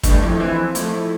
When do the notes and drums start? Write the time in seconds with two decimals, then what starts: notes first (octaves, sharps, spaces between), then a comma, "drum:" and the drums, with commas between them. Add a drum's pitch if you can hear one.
0.03 G2 A3, drum: kick, hi-hat
0.22 F2 E4
0.40 E3 C4
0.58 F3
0.75 F2 A3, drum: hi-hat
0.93 E4